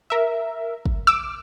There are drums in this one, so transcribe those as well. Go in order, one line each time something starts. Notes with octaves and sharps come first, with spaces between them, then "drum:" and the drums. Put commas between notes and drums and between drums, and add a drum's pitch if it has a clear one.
A#4 E5
drum: kick
D6 E6